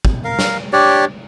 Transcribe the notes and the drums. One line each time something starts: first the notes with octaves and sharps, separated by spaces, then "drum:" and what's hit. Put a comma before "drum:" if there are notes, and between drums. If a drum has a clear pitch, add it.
drum: kick
A#4 F5
drum: snare
D4 G4 C#5 D5